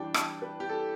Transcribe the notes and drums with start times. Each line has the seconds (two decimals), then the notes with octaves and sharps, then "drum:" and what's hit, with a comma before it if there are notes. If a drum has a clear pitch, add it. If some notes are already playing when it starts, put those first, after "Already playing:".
Already playing: E3 G3 D4 G5
0.14 A5, drum: rim click
0.42 B4
0.60 G4
0.69 A4